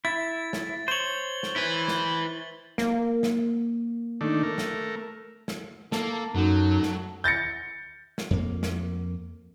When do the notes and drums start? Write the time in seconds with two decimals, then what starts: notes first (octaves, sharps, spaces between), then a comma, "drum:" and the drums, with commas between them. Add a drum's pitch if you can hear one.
0.05 E4 A6
0.53 drum: snare
0.88 C5 C#5 F#7 G7
1.43 drum: snare
1.56 E4 B4
1.88 drum: snare
2.78 A#3, drum: snare
3.23 drum: snare
4.21 D#3 A3 D4
4.43 A3 A#4
4.58 drum: snare
5.48 drum: snare
5.92 A#3 A4, drum: snare
6.35 F#2 F#3 D#4 A4
6.83 drum: snare
7.24 G6 A6 A#6 C#7
8.18 drum: snare
8.31 F2 A#3
8.63 drum: snare